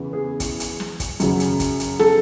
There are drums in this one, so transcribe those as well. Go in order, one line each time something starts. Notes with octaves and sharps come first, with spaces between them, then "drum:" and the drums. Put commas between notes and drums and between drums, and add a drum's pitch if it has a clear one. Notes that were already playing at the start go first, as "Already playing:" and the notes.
Already playing: E2 C#3 E3
G#4
drum: kick, hi-hat
drum: hi-hat
drum: snare
drum: kick, hi-hat
F#2 C#3 F#3, drum: hi-hat
drum: hi-hat
drum: kick, hi-hat
drum: hi-hat
A4, drum: snare